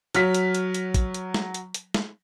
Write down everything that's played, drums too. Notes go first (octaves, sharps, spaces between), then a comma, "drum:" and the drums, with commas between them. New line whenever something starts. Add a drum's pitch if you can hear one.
F#3 F6 B6, drum: hi-hat
drum: hi-hat
drum: hi-hat
drum: hi-hat
drum: kick, hi-hat
drum: hi-hat
drum: snare
drum: hi-hat
drum: hi-hat
drum: snare